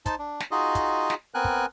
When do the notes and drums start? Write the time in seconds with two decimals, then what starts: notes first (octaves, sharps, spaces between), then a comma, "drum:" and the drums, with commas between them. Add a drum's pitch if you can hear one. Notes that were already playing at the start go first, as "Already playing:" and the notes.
0.06 D#4 C5 A5, drum: kick, hi-hat
0.19 D4
0.40 drum: snare
0.51 D#4 F4 F#4 G#4 D#5
0.75 drum: kick, hi-hat
1.10 drum: snare
1.35 B3 C4 A#4 G#5 F#6
1.45 drum: kick